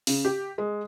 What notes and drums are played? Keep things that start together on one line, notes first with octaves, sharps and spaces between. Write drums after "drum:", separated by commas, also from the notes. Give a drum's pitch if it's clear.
C#3, drum: open hi-hat
G4
G#3